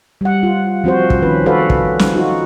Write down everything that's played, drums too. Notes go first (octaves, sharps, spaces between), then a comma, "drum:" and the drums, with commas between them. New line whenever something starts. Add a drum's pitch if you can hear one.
G3 F#5
F4
F3 C4 F#4 C5
drum: kick
D#3 C#4 B4
F#4 A4 B4 D5 F5
drum: kick
drum: snare
D#4 F4 F#4